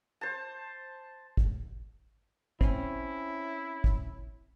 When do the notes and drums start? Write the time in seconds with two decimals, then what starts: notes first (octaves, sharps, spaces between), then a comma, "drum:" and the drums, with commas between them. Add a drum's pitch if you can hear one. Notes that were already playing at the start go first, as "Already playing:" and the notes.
0.21 C5 A5
1.37 drum: kick
2.61 C4 C#4 E4, drum: kick
3.84 drum: kick